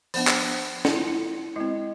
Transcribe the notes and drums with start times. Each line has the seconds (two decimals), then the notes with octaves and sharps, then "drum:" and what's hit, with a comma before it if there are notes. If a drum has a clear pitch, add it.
0.14 F3 B3 D4, drum: open hi-hat
0.27 drum: clap
0.85 E4, drum: snare
0.96 F4
1.08 E4
1.56 G#3 C4 E4